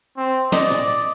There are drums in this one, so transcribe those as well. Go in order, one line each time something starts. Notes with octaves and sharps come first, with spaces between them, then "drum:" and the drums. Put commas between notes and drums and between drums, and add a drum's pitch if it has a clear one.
C4
D5 D#5, drum: snare
drum: tom A2